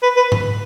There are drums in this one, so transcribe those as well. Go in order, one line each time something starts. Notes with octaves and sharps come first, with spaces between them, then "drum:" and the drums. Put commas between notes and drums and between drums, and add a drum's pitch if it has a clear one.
B4
B4
drum: tom G#2